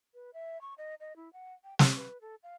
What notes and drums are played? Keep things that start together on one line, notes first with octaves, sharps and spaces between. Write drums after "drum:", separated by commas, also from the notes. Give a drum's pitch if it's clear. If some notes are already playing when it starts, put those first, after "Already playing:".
B4
E5
C#6
D#5
D#5
E4
F#5
G5
G4, drum: snare
B4
A4
F5